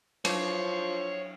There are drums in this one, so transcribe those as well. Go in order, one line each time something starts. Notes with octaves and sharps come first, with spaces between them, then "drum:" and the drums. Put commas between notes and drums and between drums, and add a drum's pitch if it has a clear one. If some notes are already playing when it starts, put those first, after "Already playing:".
F3 F#3 C#5, drum: cymbal